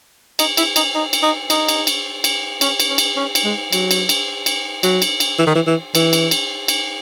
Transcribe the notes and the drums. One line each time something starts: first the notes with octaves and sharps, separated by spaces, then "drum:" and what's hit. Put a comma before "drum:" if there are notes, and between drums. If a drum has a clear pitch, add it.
D#4, drum: cymbal
E4, drum: cymbal
D#4, drum: cymbal
D#4
drum: cymbal
D#4
D#4, drum: cymbal
drum: cymbal
drum: cymbal
drum: cymbal
C#4, drum: cymbal
drum: cymbal
C#4
drum: cymbal
C#4
drum: cymbal
G#3
F#3, drum: cymbal
drum: cymbal
drum: cymbal
drum: cymbal
F#3, drum: cymbal
drum: cymbal
drum: cymbal
E3
D#3
E3
E3
E3, drum: cymbal
drum: cymbal
drum: cymbal
drum: cymbal